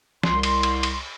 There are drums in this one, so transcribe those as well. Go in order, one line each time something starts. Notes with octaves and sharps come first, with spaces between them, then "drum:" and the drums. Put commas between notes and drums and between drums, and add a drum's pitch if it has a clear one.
C2 C6, drum: snare
drum: cymbal
drum: cymbal
drum: cymbal